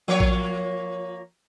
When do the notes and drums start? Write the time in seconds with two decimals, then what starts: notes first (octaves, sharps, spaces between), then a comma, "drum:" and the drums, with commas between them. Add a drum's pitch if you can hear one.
0.08 F3 A#3 C#5
0.20 drum: kick A#1